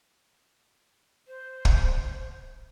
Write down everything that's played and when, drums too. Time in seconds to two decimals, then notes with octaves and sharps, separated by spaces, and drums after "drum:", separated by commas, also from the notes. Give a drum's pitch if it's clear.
1.28 C5
1.65 drum: kick